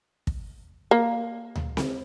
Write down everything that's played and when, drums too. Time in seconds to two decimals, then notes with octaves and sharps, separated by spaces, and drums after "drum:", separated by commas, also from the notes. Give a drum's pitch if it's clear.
0.27 drum: kick
0.91 A#3
1.56 drum: tom D2
1.77 drum: snare C4